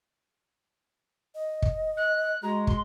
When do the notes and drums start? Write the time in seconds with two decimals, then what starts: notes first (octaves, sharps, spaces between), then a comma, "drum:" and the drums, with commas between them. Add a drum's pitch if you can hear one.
1.35 D#5
1.62 drum: kick
1.97 F#6
2.42 G#3 F#4 A#5
2.67 C6, drum: kick